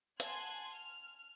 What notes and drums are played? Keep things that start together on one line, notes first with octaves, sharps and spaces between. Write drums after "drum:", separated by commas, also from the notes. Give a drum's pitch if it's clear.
F#5 G#5 A5 C6 F#6 G#6, drum: hi-hat
F6